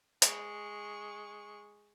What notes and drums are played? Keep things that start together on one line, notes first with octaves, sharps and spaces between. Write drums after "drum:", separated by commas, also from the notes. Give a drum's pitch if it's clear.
G#3 C#6, drum: hi-hat